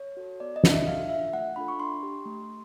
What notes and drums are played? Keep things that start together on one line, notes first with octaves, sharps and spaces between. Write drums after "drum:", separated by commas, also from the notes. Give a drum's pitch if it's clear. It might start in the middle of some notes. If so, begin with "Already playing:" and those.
Already playing: C#5
F#4 A4
B3 D5
D#5
D4 F#4 A4, drum: snare
E5
D4 F5
F4 A4 E5
A3 F#5
D4 F4 A4 B5
C#6
D4 C6
G4
A3